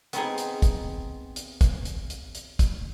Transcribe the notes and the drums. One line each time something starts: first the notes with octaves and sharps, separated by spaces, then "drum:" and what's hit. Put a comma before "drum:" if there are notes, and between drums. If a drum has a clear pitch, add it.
B3 C4 D#4 G#4, drum: hi-hat
drum: hi-hat
drum: kick, hi-hat
drum: hi-hat
drum: kick, hi-hat
drum: hi-hat
drum: hi-hat
drum: hi-hat
drum: kick, hi-hat